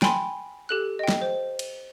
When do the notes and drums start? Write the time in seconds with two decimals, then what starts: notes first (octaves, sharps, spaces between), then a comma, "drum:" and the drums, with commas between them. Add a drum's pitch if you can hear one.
0.02 G5 G#5 B5 C6, drum: snare
0.69 G4 A4 F#6
0.99 D#5 G5
1.08 drum: snare
1.21 C5
1.59 drum: cymbal